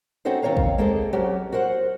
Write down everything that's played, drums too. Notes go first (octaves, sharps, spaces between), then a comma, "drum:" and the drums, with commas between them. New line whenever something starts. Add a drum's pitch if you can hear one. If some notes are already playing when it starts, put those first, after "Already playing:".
C4 C#4 D#4 F#4 A4 C5
D#3 C4 C#5 F5 A#5
drum: kick A1
G#3 A#3 C4 G#4 A4
F#3 C#4 F#4 G4
F#4 A#4 C5 F#5